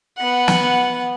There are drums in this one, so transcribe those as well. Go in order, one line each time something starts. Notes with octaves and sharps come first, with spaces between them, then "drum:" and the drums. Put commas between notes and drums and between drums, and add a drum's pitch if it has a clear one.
B3 F#5
drum: snare